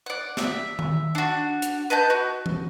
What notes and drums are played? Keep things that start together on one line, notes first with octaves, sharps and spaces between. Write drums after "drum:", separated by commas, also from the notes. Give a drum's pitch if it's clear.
D5 F#5
E5, drum: snare
drum: tom D#3
D4 F#4
drum: hi-hat
B4 D#5 A5 G6
F#4
drum: tom E3